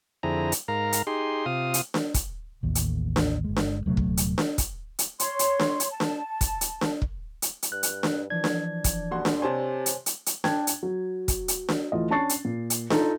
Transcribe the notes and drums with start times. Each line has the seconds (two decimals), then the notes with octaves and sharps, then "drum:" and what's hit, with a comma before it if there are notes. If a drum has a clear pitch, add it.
0.23 F2 D3 C4 E4 G#4 A#5
0.52 drum: hi-hat
0.68 G#2 A#4 F5 A#5
0.93 drum: hi-hat
1.07 D#4 G4 G#4 C6
1.46 C3 F4 F5 D#6
1.74 drum: hi-hat
1.94 drum: snare D4
2.14 drum: kick, hi-hat
2.63 A1 D#2
2.75 drum: hi-hat
3.16 drum: snare D4
3.44 G1 G#3
3.56 drum: snare D4
3.86 D#1 C3 F#3 A3
3.97 drum: kick
4.17 drum: hi-hat
4.38 drum: snare D4
4.58 drum: kick, hi-hat
4.99 drum: hi-hat
5.20 C#5 C6, drum: hi-hat
5.39 drum: hi-hat
5.59 drum: snare D4
5.80 drum: hi-hat
5.89 A5
6.00 drum: snare D4
6.41 drum: kick, hi-hat
6.61 drum: hi-hat
6.81 drum: snare D4
7.02 drum: kick
7.42 drum: hi-hat
7.63 drum: hi-hat
7.72 G2 F#6
7.83 drum: hi-hat
8.03 drum: snare D4
8.30 E3 F3 D4 G#6
8.44 drum: snare D4
8.84 drum: kick, hi-hat
9.11 D#1 F#4 C6
9.25 drum: snare D4
9.42 C3 C5 C#5 G#5 A5 C6
9.86 drum: hi-hat
10.06 drum: hi-hat
10.26 drum: hi-hat
10.44 D4 G5 G#6, drum: snare D4
10.67 drum: hi-hat
10.83 F#3
11.28 drum: kick, hi-hat
11.48 drum: hi-hat
11.69 drum: snare D4
11.92 D2 E3 F4 D#5
12.10 C#4 D4 A5 C#6 A6 C7
12.29 drum: hi-hat
12.45 A#2
12.70 drum: hi-hat
12.90 D#4 F4 A4, drum: snare D4